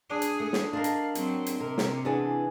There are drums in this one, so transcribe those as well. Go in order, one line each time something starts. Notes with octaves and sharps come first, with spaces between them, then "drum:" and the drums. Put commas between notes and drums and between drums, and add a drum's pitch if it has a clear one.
D4 G#4
drum: hi-hat
A3
drum: snare
D4 A#4 C5 D#5 F5
drum: hi-hat
F#3 C4, drum: hi-hat
drum: hi-hat
C3 A#4
drum: snare
E3 B3 D4 G#4